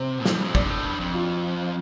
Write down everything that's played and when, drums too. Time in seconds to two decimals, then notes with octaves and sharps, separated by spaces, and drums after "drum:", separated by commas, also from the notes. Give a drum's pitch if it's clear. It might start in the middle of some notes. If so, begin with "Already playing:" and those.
Already playing: C3 C4
0.25 F2, drum: snare
0.35 G2
0.44 F2
0.55 G2 D4, drum: kick
0.70 A2
0.85 G2
1.00 F2
1.14 F4